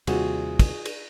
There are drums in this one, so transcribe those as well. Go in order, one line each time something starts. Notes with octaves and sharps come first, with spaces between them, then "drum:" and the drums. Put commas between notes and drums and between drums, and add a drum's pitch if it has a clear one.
D#2 C3 G3 F4 F#4 G#4, drum: cymbal
drum: kick, cymbal
drum: cymbal